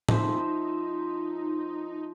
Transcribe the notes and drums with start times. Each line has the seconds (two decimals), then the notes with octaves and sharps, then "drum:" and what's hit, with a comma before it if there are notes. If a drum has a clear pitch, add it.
0.09 F3 D#4 C5 E5, drum: tom A2